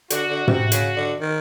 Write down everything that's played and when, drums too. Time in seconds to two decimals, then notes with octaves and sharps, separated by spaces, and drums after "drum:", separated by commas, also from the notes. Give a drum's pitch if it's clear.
0.10 D3 F#4, drum: hi-hat
0.29 D3
0.48 C3 F#4, drum: tom
0.72 C#3, drum: hi-hat
0.96 D3
1.21 D#3